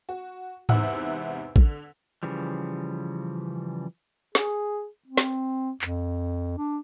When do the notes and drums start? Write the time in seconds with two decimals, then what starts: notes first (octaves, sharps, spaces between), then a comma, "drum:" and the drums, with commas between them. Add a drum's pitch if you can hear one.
0.09 F#4
0.69 E2 G#2 C3 E5 F#5 E6, drum: tom G#2
1.56 D3, drum: kick
2.23 C#3 E3 F3 G3
4.35 G#4, drum: snare
5.08 C4
5.17 drum: snare
5.82 F2, drum: clap
6.58 D4